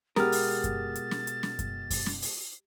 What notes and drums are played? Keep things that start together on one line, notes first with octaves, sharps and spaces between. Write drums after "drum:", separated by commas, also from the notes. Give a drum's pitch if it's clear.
B2 G#3 G4 A#4 D#6 F6 A6, drum: snare
drum: open hi-hat
drum: kick F#2, hi-hat
drum: hi-hat
drum: snare
drum: hi-hat
drum: snare
drum: kick F#2, hi-hat
drum: kick F#2, open hi-hat
drum: snare
drum: open hi-hat